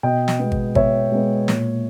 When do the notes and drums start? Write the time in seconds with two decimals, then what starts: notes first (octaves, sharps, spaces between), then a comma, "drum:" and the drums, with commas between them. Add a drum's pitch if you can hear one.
0.03 B2 D#5 G5
0.28 drum: snare
0.39 G#3 B3
0.52 drum: kick G#1
0.75 B2 C#5 E5, drum: kick G#1
1.12 G#3 B3
1.48 A#2, drum: snare